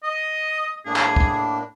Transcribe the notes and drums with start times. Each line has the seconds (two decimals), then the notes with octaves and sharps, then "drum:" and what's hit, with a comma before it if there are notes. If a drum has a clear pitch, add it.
0.04 D#5 D#6
0.86 A2 A#3 D4 G#4
0.96 drum: clap
1.16 drum: kick